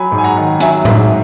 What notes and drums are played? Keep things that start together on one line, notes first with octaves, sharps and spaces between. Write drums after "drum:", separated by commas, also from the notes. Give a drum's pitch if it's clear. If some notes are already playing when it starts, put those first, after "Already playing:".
Already playing: F#3 G#5 B5
G#2
G#5
F#5 A#5
D#3
F#3 E5 G#5, drum: hi-hat
G#2 E5, drum: tom A2